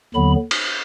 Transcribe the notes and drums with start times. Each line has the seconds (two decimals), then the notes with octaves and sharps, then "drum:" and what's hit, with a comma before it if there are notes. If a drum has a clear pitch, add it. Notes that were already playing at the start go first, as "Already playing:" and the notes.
0.14 D#2 D3 F#3 B3 B5
0.51 drum: cymbal